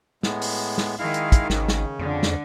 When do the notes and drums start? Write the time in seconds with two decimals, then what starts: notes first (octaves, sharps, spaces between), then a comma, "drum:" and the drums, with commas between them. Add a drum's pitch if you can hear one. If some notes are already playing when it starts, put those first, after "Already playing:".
0.23 A2 G#3 B3, drum: snare
0.42 drum: open hi-hat
0.78 drum: snare
0.99 D#3 G#3 E4 F5
1.14 drum: hi-hat
1.32 drum: kick, hi-hat
1.50 G#1 C#3, drum: snare
1.68 drum: snare
1.99 F2 D3
2.23 drum: snare